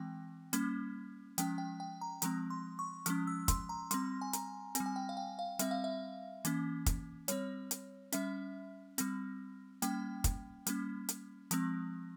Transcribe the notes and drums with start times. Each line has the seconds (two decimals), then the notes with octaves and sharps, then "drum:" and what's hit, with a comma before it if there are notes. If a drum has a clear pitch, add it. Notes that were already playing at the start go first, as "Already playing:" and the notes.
Already playing: E3 G#3 C4 G5
0.53 G3 A#3 C#4, drum: hi-hat
1.38 F3 G#3 C#4 G5, drum: hi-hat
1.58 G5
1.80 G5
2.01 A#5
2.22 F3 G#3 C4 A#5, drum: hi-hat
2.50 C6
2.79 C#6
3.06 F3 G#3 C#4 F6, drum: hi-hat
3.27 E6
3.48 C6, drum: kick, hi-hat
3.69 A#5
3.91 G3 C4 C6, drum: hi-hat
4.22 G#5
4.33 A#5, drum: hi-hat
4.75 C4 G#5, drum: hi-hat
4.80 G3
4.86 G#5
4.96 G5
5.09 F5
5.17 G5
5.39 F5
5.59 G3 C4 E5, drum: hi-hat
5.71 F5
5.84 E5
6.45 E3 A#3 C#4, drum: hi-hat
6.86 drum: kick, hi-hat
7.28 G3 C4 C#5, drum: hi-hat
7.71 drum: hi-hat
8.12 G3 C#4 E5, drum: hi-hat
8.98 G3 C4, drum: hi-hat
9.82 G3 A#3 C#4 G5, drum: hi-hat
10.24 drum: kick, hi-hat
10.67 G3 A#3 C#4, drum: hi-hat
11.09 drum: hi-hat
11.51 F3 G#3 C4, drum: hi-hat